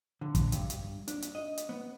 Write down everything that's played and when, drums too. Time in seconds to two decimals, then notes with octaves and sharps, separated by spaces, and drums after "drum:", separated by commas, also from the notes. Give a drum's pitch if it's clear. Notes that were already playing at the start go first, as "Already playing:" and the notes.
0.21 D3
0.35 drum: kick, hi-hat
0.52 G2, drum: hi-hat
0.70 drum: hi-hat
1.08 D4, drum: hi-hat
1.22 drum: hi-hat
1.35 D#5
1.58 drum: hi-hat
1.69 B3